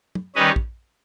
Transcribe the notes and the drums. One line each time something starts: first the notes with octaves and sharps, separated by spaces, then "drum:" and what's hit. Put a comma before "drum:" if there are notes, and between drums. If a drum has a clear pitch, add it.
drum: tom
D#3 G3 C#4 B4 D#5
drum: kick